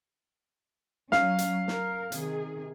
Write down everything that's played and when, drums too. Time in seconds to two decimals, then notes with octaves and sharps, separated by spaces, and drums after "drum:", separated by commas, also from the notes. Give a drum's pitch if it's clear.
1.12 F#3 C#4 F5, drum: snare
1.38 drum: hi-hat
1.68 A#4, drum: snare
2.12 C3 D#3 G#4, drum: hi-hat